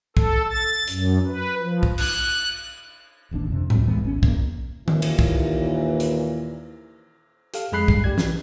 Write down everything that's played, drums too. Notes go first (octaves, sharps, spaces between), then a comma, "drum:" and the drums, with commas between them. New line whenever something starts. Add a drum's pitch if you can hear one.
A4, drum: kick
A6
F#2, drum: hi-hat
B4
F3
drum: kick
F#6, drum: cymbal
D1 A1 D#2 D4
F2 C3
C#2 G2, drum: tom A2
D2 E3 G#3 B3
G#1 D3 C#4
F1 E2 A#3, drum: kick
D#2 A#2 E3, drum: tom D#3
drum: cymbal
drum: kick
drum: hi-hat
G4 A4 F5, drum: hi-hat
F2 G#3 G#4 B5 F#6 C7
G2 C7, drum: kick
A3 G4 D5 G#6
E3, drum: snare